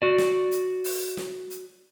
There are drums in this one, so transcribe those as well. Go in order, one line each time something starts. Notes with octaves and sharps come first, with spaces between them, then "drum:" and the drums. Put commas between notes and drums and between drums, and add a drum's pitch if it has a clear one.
F#4 D5
drum: snare
drum: hi-hat
drum: open hi-hat
drum: snare
drum: hi-hat